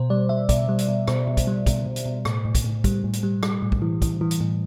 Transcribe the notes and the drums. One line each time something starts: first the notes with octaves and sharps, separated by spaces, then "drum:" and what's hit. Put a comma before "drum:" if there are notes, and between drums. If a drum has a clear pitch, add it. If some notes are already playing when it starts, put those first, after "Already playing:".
Already playing: B2 C5
G3 D5
G3 E5
B2 D5, drum: kick, hi-hat
G3
drum: hi-hat
B2
B2 C5, drum: rim click
B2
drum: kick, hi-hat
G3
B2, drum: kick, hi-hat
B2
drum: hi-hat
B2
A2, drum: rim click
A2
drum: kick, hi-hat
A2
G3, drum: kick, hi-hat
A2
drum: hi-hat
G3
G3, drum: rim click
A2
drum: kick
E3
E3, drum: kick, hi-hat
E3
drum: hi-hat
A2